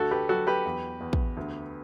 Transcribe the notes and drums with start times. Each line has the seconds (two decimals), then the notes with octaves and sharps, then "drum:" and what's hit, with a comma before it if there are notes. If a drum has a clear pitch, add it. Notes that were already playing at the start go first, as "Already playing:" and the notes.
Already playing: D2 F#4 A4
0.11 G4 B4
0.29 F#3 F#4 A4
0.47 G4 B4
0.66 E2
1.00 E2
1.13 drum: kick
1.37 D2